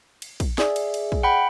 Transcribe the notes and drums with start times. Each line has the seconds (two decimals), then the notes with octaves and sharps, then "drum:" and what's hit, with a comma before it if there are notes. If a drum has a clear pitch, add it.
0.22 drum: cymbal
0.40 drum: kick, cymbal
0.58 G#4 D5 E5, drum: snare
0.76 drum: cymbal
0.94 drum: cymbal
1.12 drum: kick
1.23 F#5 G5 B5